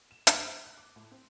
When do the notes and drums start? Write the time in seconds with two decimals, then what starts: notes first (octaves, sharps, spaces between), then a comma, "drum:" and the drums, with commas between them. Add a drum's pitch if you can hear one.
0.11 E7
0.27 G2, drum: hi-hat
0.40 C5
0.66 F#6
0.77 D6
0.96 A2
1.12 C4